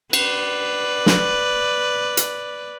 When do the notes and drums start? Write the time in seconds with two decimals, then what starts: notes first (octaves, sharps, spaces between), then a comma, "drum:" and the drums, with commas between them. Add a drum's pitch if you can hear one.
0.13 B4 D5, drum: cymbal
1.06 drum: snare
2.17 drum: hi-hat